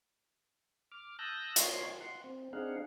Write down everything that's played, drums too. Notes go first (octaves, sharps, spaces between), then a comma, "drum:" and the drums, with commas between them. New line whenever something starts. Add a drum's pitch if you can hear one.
D6 F6
A5 D#6 E6 F#6 G6 A#6
C#5 C6, drum: hi-hat
F#5 C6
C4
C4 D4 D#4 G#4 F5 F#5